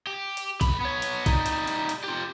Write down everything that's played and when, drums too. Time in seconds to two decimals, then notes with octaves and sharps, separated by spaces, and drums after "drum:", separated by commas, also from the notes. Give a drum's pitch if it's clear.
0.07 G4
0.37 drum: hi-hat
0.61 B1 B5, drum: kick, hi-hat
0.81 B3 C#5
1.02 drum: hi-hat
1.26 G3 D#4, drum: kick, hi-hat
1.46 drum: hi-hat
1.67 drum: hi-hat
1.89 drum: hi-hat
2.04 F4 G4